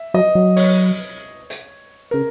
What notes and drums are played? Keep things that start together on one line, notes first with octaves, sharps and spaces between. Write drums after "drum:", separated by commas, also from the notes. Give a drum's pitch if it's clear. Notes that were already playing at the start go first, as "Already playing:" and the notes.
Already playing: E5
F#3 D#5
F#3
C#5, drum: open hi-hat
drum: hi-hat
C#3 A#4